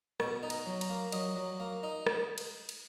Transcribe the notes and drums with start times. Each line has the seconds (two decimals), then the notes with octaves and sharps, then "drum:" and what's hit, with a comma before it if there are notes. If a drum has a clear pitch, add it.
0.20 B2 C#6, drum: rim click
0.43 D#4
0.50 A#5, drum: cymbal
0.66 F#3
0.81 A#5, drum: cymbal
0.90 A#3
1.12 F#3 D#5, drum: cymbal
1.36 F#3
1.60 A#3
1.83 D#4
2.07 drum: rim click
2.38 drum: cymbal
2.69 drum: cymbal